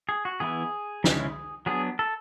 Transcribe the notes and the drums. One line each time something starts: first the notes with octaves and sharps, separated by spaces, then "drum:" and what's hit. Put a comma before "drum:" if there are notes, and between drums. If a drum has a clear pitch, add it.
G#4
F#4
E3 B3 E4 G#4
C#3 G#3 C#4 E4, drum: snare
F#3 B3 D4 G#4
A4